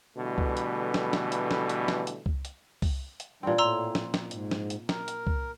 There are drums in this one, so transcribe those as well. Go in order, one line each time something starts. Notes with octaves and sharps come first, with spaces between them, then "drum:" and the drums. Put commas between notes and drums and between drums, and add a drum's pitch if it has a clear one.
B2 D3 E3 G3 A3
drum: kick C2
drum: hi-hat
drum: snare
drum: snare
drum: hi-hat
drum: snare
drum: hi-hat
drum: snare
drum: hi-hat
drum: kick C2
drum: hi-hat
drum: kick C2, open hi-hat
drum: hi-hat
A#2 E3 G3 C4 D4
A2 A#5 C6 E6
drum: snare
drum: snare
G#2, drum: hi-hat
drum: snare
drum: hi-hat
A#4, drum: snare
drum: hi-hat
drum: kick C2